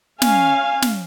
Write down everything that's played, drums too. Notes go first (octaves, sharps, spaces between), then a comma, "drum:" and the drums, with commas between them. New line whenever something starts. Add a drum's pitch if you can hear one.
C#4 F5 G#5, drum: snare
drum: snare